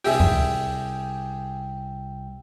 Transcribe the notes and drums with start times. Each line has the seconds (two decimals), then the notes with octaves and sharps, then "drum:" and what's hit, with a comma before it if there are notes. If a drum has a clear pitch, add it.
0.04 C2 G4 G#4 E5 G5, drum: open hi-hat
0.20 drum: kick C#2